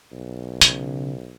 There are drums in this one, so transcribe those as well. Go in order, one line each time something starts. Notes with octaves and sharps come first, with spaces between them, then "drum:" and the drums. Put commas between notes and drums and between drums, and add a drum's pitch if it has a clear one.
B1
C#3, drum: hi-hat